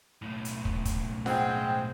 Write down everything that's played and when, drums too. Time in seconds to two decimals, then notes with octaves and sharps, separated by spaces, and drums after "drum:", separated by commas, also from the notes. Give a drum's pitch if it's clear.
0.22 B1 A2
0.45 drum: hi-hat
0.65 drum: kick
0.85 drum: kick, hi-hat
1.26 C#3 G#3 C4 F#5 G5, drum: snare F4